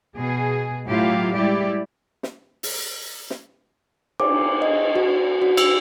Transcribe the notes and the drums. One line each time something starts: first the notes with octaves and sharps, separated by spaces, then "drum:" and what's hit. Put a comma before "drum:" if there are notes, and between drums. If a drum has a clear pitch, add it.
B2 G#4
A2 F#3 E4 F4 G4 F5
G3 G#3 E4 G4 D5
drum: snare
drum: open hi-hat
drum: snare
D6, drum: cymbal
D#5
F#4
F#4
E6, drum: cymbal